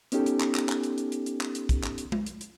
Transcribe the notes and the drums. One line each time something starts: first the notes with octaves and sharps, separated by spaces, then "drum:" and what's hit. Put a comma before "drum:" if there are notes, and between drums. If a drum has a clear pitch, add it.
B3 C#4 D#4 G4 A4, drum: hi-hat
drum: hi-hat
drum: clap
drum: clap
drum: clap
drum: hi-hat
drum: hi-hat
drum: hi-hat
drum: hi-hat
drum: clap
drum: hi-hat
drum: kick, hi-hat
drum: clap
drum: hi-hat
drum: tom G#3
drum: hi-hat
drum: hi-hat